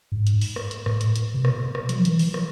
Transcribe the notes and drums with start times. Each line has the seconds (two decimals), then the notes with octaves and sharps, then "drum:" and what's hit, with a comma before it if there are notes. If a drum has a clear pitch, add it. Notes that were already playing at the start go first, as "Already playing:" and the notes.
0.12 G#2
0.27 drum: hi-hat
0.41 drum: open hi-hat
0.56 drum: rim click
0.71 drum: hi-hat
0.86 A2, drum: rim click
1.01 drum: hi-hat
1.16 drum: hi-hat
1.34 C3
1.45 B2, drum: rim click
1.75 drum: rim click
1.89 F#3, drum: hi-hat
1.97 F3
2.05 E3, drum: hi-hat
2.19 drum: open hi-hat
2.34 drum: rim click